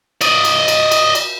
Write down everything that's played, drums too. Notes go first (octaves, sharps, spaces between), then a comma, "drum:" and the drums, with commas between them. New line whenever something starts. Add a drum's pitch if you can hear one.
D5 D#5, drum: cymbal
drum: cymbal
drum: cymbal
drum: cymbal
drum: cymbal